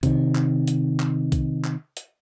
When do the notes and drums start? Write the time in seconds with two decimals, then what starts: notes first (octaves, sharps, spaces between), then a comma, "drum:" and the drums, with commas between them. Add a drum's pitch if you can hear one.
0.03 C3 D#3, drum: kick B1, hi-hat
0.35 drum: clap
0.68 drum: hi-hat
1.00 drum: clap
1.32 drum: kick B1, hi-hat
1.64 drum: clap
1.97 drum: hi-hat